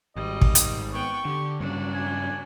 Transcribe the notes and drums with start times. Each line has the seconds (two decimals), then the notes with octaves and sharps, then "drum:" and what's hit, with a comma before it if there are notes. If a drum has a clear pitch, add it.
0.16 G#1 G3 D#5
0.41 drum: kick
0.55 drum: hi-hat
0.94 B3 G5 C#6
1.25 D3 G4
1.60 G2 C#3 F#3 D4
1.93 G#5